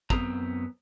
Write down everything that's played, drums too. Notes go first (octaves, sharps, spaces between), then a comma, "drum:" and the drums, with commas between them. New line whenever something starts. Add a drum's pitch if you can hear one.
F#2 B3 C4 A#5, drum: kick